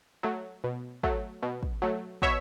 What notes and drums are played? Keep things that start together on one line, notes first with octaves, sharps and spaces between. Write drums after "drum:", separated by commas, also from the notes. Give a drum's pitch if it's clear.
F#3 A3
B2
F#3 A3, drum: kick
B2
drum: kick
F#3 A3
B2 C#5 E5, drum: kick